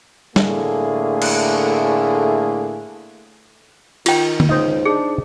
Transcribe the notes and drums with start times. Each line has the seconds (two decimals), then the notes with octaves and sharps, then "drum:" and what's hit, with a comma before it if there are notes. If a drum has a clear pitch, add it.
0.36 A2 D3 A3 A#3 G#4, drum: snare
1.22 drum: cymbal
4.06 D#3 F4 G5, drum: cymbal
4.40 drum: tom D3
4.49 C#2 D#4 C5
4.85 D4 G#4